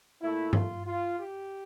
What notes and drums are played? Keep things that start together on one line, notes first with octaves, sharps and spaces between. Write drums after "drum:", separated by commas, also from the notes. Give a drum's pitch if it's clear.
A#2 A3 E4
F4, drum: tom G2
F4
G4